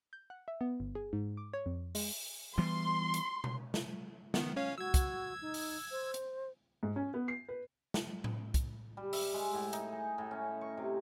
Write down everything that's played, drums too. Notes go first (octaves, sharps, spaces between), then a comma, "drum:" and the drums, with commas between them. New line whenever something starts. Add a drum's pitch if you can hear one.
G6
F#5
E5
B3
G1
G#4
G#2
D6
C#5
F2
G#3, drum: open hi-hat
E3 G3 B3 C6
drum: hi-hat
drum: tom B2
drum: snare
D#3 B3, drum: snare
C#4 C#5 F5
F#4 E6 G#6
drum: kick, hi-hat
D#4
drum: open hi-hat
C5
drum: hi-hat
G#2
C#4
B3
C7
B4
drum: snare
drum: tom A2
drum: kick, hi-hat
G3
E5, drum: open hi-hat
G#3
A2
D#4, drum: hi-hat
G#5
A2
C#4
C#6
C3